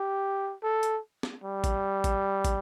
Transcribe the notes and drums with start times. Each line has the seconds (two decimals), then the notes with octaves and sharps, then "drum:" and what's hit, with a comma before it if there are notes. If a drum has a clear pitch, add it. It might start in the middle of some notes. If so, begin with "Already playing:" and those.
Already playing: G4
0.63 A4
0.83 drum: hi-hat
1.23 drum: snare
1.44 G3
1.64 drum: kick, hi-hat
2.04 drum: kick, hi-hat
2.45 drum: kick, hi-hat